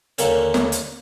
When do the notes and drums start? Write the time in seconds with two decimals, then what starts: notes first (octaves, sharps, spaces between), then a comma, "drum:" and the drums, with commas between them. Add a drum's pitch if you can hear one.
0.18 D#2 D3 A#3 C#4, drum: hi-hat
0.54 drum: snare
0.72 drum: hi-hat